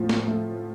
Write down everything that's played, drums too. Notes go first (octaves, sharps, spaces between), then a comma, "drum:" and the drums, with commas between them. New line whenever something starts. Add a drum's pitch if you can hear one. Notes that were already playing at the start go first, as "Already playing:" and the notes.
Already playing: A2 F3
drum: snare
A3